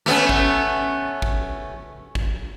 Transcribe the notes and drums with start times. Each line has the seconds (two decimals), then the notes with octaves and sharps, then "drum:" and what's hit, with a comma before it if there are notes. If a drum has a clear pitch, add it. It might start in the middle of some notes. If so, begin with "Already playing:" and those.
0.06 A3 B3 C#4
0.29 drum: kick
1.22 drum: kick
2.15 drum: kick